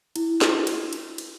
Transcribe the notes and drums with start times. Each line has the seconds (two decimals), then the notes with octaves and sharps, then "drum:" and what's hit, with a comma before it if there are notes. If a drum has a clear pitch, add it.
0.16 E4, drum: cymbal
0.41 drum: snare
0.67 drum: cymbal
0.93 drum: cymbal
1.18 drum: cymbal